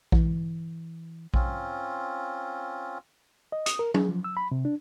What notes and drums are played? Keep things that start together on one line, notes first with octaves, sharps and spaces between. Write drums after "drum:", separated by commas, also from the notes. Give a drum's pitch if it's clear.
E3, drum: kick A#1
C4 C#4 F4, drum: kick A#1
D#5
D#6, drum: hi-hat
A#4
G#4, drum: tom F#3
F3
E6
B5
C3
D4